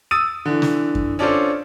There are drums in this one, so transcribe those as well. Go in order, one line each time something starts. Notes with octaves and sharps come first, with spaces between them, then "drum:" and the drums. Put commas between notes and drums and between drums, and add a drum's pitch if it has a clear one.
D#6 E6 A6 D#7
D3 E3
drum: snare
drum: kick F#2
C#4 D4 F4 A4 C5